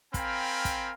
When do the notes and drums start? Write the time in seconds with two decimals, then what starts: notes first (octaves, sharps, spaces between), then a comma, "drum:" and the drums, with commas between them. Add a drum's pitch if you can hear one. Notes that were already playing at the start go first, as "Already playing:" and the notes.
0.14 C4 A#4 F5 G5 G#5 B5, drum: kick, hi-hat
0.65 drum: kick, hi-hat